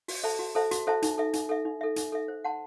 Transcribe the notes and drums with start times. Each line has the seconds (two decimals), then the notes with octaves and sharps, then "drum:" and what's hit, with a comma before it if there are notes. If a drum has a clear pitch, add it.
0.08 F#4, drum: open hi-hat
0.23 A4 C5 E5 A5
0.39 F#4
0.55 A4 C5 E5 A5
0.71 F#4, drum: hi-hat
0.87 A4 C5 E5 A5
1.02 D#4, drum: hi-hat
1.18 A4 E5
1.33 D#4, drum: hi-hat
1.49 A4 E5
1.65 D#4
1.81 A4 E5
1.96 D#4, drum: hi-hat
2.12 A4 E5
2.28 C5
2.44 F#5 A5 C6